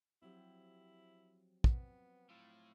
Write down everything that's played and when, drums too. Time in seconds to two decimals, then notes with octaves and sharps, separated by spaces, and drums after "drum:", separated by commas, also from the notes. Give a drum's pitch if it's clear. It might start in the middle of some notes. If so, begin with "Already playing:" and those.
0.22 F3 F#3 C4 E4 G4
1.64 B3 C4, drum: kick
2.30 A2 F4